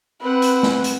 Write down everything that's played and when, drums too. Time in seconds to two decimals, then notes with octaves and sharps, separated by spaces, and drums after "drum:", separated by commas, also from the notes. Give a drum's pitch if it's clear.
0.21 C4 B4 F#5
0.42 drum: hi-hat
0.63 drum: snare
0.84 drum: hi-hat